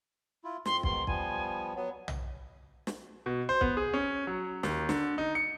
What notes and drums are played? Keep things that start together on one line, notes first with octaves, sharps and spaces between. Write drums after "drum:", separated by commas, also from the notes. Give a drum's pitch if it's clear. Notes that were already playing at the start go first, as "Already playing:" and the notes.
E4 F4
F2 C6, drum: snare
G#2 B2 D#3 C6, drum: kick
F3 G3 B3 G#5, drum: kick
F#3 B3
drum: tom
drum: snare
B2
C5
B3, drum: kick
G#4
C#4
F#3
D#2, drum: snare
D3, drum: snare
D#4
C#7